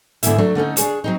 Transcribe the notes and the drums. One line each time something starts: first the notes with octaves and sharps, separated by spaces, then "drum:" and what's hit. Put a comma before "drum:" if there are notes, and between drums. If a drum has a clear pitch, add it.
G#2 D3 G#3 B3 E4 E5, drum: hi-hat
F#3 A3 D4
D3 A3 C#4 D#4
D4 D#4 G#4 C#5, drum: hi-hat
F#3 C4 D#4